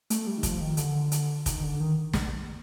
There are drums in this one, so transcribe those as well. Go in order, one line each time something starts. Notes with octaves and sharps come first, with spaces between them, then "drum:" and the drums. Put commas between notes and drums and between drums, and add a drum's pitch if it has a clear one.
A3, drum: hi-hat
G3
D#3
F3, drum: kick, hi-hat
D#3
D3, drum: hi-hat
drum: hi-hat
D#3, drum: kick, hi-hat
D3
D#3
drum: snare